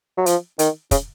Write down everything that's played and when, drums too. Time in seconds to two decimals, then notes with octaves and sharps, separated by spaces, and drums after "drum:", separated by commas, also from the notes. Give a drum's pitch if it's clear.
0.18 F#3
0.26 F3, drum: hi-hat
0.59 D#3, drum: hi-hat
0.91 C#3, drum: kick, hi-hat